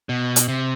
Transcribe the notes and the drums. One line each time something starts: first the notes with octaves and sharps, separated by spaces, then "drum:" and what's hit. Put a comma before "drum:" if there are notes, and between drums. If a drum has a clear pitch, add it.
B2
drum: hi-hat
C3